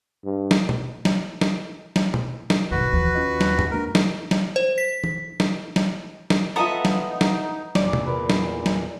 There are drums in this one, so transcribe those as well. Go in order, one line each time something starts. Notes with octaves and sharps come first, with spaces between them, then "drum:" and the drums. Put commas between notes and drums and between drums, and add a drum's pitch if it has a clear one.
G2
drum: snare
drum: tom B2
drum: snare
drum: snare
drum: snare
drum: tom B2
drum: snare
B1 F2 G#2 D#3 F#4 B4
D#2 E3 F3
C#4 F4 D#5
drum: snare
drum: tom F#2
G#3 A#3 D4 A#4
drum: snare
drum: snare
C5
B6
drum: tom
drum: snare
drum: snare
drum: snare
B3 F4 A4 D#5 E5 F#5 A#5
drum: snare
D#4
drum: snare
E2 A#2 D5 D6, drum: snare
drum: tom C3
A#4 B4
drum: snare
drum: snare